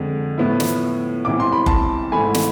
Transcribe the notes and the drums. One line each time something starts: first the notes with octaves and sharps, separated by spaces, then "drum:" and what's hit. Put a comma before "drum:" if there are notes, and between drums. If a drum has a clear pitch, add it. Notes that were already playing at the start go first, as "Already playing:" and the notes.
Already playing: F2 D3 G#3
A2 F3 B3 E4
drum: snare
C2 C3 E3 D6
C6
B5
A5 C6, drum: kick F#1
G#2 E3 A3 G#5 B5
drum: snare